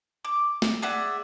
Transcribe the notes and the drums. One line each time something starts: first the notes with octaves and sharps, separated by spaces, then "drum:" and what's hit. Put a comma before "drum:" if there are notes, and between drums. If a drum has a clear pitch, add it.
D6
drum: snare
G#4 D5 E5 F#5